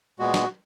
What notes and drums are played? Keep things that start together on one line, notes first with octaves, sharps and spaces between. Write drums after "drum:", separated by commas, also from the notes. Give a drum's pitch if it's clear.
A#2 G#3 B3 F#4
drum: snare